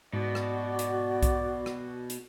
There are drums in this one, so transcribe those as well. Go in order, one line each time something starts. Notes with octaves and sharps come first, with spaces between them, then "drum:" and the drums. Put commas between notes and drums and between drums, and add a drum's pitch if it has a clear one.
G#2 B2 F#4 D5
drum: rim click
drum: hi-hat
drum: kick B1, hi-hat
drum: rim click
drum: hi-hat